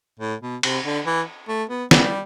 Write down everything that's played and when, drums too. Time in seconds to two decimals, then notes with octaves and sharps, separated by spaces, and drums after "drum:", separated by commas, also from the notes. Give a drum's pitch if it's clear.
0.20 A2
0.42 B2
0.63 C3, drum: cymbal
0.85 D3
1.06 E3
1.49 A3
1.70 B3
1.91 G3, drum: snare